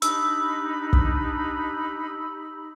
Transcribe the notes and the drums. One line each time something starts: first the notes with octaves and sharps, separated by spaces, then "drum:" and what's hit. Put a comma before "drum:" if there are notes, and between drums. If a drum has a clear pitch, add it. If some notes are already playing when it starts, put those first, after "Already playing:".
D4 D#4 G4 B5 E6, drum: hi-hat
drum: kick